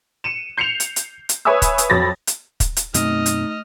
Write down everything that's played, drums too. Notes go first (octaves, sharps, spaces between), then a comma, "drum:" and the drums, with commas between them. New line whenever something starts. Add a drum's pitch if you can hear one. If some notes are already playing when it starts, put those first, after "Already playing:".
C#7 D#7 E7
G6 C7 C#7 E7 F7
drum: hi-hat
drum: hi-hat
drum: hi-hat
B4 C#5 E5 G#5 D#6 E6
drum: kick, hi-hat
drum: hi-hat
F2 F#3 C#5 B5 A6 A#6
drum: hi-hat
drum: kick, hi-hat
drum: hi-hat
F#2 B2 A3 C4 D#4 D#5 F6, drum: hi-hat
drum: hi-hat